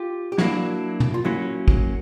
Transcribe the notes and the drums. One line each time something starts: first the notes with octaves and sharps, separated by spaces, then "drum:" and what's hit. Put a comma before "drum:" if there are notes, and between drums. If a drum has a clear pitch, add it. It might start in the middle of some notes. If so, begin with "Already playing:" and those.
Already playing: F4 G4
G4
F#3 A#3 D4 E4 F#4, drum: snare
drum: tom
F4
F#3 A#3 C#4 E4 F#4
drum: kick